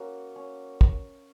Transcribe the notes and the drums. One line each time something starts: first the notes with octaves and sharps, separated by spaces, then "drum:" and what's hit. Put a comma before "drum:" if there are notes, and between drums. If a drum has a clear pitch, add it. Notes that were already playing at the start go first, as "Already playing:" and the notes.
Already playing: A#3 C#4 F#4
C#4
drum: kick